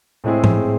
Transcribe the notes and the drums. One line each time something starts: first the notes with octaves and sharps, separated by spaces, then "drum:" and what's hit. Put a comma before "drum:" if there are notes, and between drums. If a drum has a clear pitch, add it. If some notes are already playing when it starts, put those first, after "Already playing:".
A2 G#3 C4 E4 G#4
drum: tom G#2